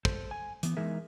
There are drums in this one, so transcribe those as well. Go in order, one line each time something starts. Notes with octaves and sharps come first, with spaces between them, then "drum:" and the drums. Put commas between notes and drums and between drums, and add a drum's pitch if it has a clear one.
A4 C5, drum: kick
G#5
E3 B3, drum: hi-hat
E3 G#3 D#4 G#4 A#4 E5